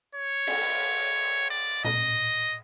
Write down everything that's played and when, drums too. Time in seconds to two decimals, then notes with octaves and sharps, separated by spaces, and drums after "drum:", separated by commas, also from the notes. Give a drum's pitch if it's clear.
0.15 C#5
0.47 drum: cymbal
1.50 D5
1.84 D#5, drum: tom A#2